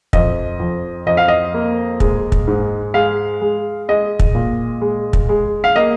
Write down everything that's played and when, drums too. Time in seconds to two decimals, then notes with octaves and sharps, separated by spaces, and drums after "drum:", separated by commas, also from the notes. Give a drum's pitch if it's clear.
0.13 F2 D#5, drum: kick
0.60 F2
1.06 F2 D#5
1.17 F5
1.28 D#5
1.54 A#3
2.00 G#3, drum: kick
2.32 drum: kick
2.47 G#2
2.94 G#3 F5
3.41 G#3
3.88 G#3 D#5
4.19 drum: kick
4.35 A#2
4.81 G#3
5.13 drum: kick
5.29 G#3
5.64 F5
5.76 A#3 D#5